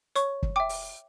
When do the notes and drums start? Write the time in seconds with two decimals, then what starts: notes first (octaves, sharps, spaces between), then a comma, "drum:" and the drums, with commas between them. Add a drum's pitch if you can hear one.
0.16 C#5 C#6, drum: hi-hat
0.43 drum: kick
0.56 E5 G5 D6
0.69 drum: open hi-hat